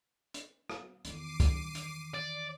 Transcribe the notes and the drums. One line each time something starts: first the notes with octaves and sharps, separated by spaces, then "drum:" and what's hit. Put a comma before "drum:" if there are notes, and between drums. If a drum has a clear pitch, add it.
drum: hi-hat
drum: rim click
E2 D#3 D6 C7 D#7, drum: hi-hat
drum: kick, hi-hat
drum: hi-hat
D5